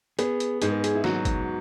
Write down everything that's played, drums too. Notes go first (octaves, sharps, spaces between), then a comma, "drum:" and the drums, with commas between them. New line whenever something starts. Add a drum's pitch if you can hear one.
B3 G#4, drum: hi-hat
drum: hi-hat
G#2 G#4, drum: hi-hat
A#4
G#4, drum: hi-hat
E4
F#3 F#4, drum: snare
drum: kick, hi-hat